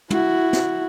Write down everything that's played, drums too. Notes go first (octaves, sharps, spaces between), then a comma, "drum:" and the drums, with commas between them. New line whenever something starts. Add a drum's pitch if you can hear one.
E4 F#4, drum: tom
drum: snare